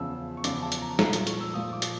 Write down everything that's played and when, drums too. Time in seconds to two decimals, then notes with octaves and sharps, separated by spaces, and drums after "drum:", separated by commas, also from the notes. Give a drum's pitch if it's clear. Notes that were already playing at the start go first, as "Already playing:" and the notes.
Already playing: E2 C#3 F3 E6
0.37 C#6
0.44 E2 C#3 F3 D6, drum: hi-hat
0.62 A5
0.72 drum: hi-hat
0.82 A#5
0.99 A#2 F3 A#5, drum: snare
1.13 drum: hi-hat
1.27 C#6, drum: hi-hat
1.40 E6
1.54 A#2 F3 D#6
1.73 D6
1.82 drum: hi-hat